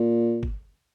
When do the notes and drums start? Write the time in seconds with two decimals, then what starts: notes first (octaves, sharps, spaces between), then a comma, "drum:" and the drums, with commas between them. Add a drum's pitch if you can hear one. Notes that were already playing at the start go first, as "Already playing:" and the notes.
Already playing: A#2
0.43 drum: kick G#1